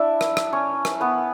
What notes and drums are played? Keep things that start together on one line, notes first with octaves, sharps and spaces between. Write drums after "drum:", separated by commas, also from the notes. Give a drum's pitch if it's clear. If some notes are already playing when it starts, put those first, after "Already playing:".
Already playing: D4 E4 D5 E5
drum: rim click
drum: rim click
C#4 C#5
drum: rim click
B3 B4